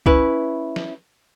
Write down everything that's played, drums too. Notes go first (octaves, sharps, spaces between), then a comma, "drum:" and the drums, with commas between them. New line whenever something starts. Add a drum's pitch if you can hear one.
C#4 E4 B4, drum: kick C2
drum: snare